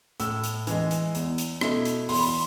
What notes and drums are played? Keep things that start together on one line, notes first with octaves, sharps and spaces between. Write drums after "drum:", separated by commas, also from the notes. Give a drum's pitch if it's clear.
A2 E6, drum: hi-hat
drum: hi-hat
E3 G#3, drum: hi-hat
drum: hi-hat
E2, drum: hi-hat
drum: hi-hat
B2 A3 E4, drum: rim click
drum: hi-hat
E2 C6, drum: open hi-hat
B5
C6